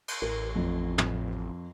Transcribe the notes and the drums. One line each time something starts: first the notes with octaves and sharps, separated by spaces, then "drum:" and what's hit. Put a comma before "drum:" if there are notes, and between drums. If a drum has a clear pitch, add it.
drum: cymbal
A1 A#4
F2
drum: tom